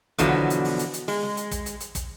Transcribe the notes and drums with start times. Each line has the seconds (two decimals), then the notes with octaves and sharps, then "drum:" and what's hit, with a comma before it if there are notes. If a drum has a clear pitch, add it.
0.18 E2 B2 D3 F3 F#3, drum: kick, hi-hat
0.50 drum: hi-hat
0.65 drum: open hi-hat
0.79 drum: hi-hat
0.94 drum: hi-hat
1.08 G#3, drum: open hi-hat
1.22 drum: snare
1.37 drum: hi-hat
1.51 drum: kick, hi-hat
1.66 drum: hi-hat
1.80 drum: hi-hat
1.95 drum: kick, hi-hat